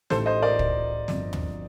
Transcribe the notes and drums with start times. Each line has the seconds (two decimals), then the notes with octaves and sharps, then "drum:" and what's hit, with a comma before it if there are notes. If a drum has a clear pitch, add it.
0.10 A1 A2 A3 D#4 G4 A4 C5, drum: snare
0.26 C5 D#5
0.42 A#4 D5
0.59 drum: kick
1.08 G1 G2 F3 C4, drum: snare
1.33 drum: tom